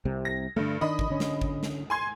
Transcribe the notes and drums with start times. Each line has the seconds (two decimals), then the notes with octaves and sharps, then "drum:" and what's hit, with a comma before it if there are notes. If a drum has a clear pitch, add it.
0.05 C2 C3
0.25 A#6
0.56 G2 D3 A3
0.81 D#3 D4 D#5 B5 D#6
0.99 drum: kick G#1
1.10 D3 C#4
1.20 drum: snare
1.41 drum: kick G#1
1.63 drum: snare
1.90 G#5 C6 G#6